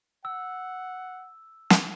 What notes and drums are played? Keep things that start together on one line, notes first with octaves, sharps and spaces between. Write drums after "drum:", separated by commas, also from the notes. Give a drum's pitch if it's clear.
F#5 E6
drum: snare